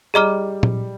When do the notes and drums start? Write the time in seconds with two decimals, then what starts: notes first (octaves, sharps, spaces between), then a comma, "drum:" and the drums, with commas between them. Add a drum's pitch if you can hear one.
0.14 G3 G#4 D#5 A#5 D6 F6
0.63 drum: tom A#2